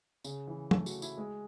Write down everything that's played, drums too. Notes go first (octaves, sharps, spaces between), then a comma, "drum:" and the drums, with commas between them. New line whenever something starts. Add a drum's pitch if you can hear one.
C#3, drum: tambourine
E3
A3, drum: tom
F#4, drum: tambourine
E4, drum: tambourine
G#3